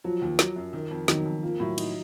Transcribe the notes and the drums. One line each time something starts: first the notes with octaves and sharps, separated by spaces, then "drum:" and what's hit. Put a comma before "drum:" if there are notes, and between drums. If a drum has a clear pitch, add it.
F3 F#3
D#2
F#3, drum: snare
F#2
D#3
F2
D#3 F#3, drum: snare
F2
F3 A#3
A2 F#3
D#4, drum: cymbal